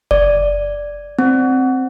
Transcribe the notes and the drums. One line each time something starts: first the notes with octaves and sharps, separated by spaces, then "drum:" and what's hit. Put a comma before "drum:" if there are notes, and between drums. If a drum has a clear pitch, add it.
D5, drum: kick F#1
C4